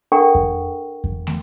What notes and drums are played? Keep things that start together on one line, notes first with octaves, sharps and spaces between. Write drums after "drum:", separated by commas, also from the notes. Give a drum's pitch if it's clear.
D4 A4 A#4 F#5 G5 C#6
drum: kick F2
drum: kick F2
drum: snare